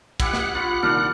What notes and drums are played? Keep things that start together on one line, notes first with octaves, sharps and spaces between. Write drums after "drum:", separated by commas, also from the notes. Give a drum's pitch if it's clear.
E4 G4 D#5 F#5 F#6, drum: kick, cymbal
drum: snare
F4 C#5 B5
C2 A#2 D#3 D4 F6